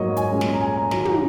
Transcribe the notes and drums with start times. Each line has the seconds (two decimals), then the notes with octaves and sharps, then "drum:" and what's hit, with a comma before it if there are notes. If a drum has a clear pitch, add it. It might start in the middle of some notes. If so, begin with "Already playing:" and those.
Already playing: G#2 F#3 A#3 C#5 D#5
0.17 G#5, drum: hi-hat
0.31 A#2 G#3 C#4
0.41 drum: snare
0.53 A#5
0.61 G#5
0.77 A#5
0.91 F#2 D#3 F#3 A#5, drum: snare
1.05 drum: tom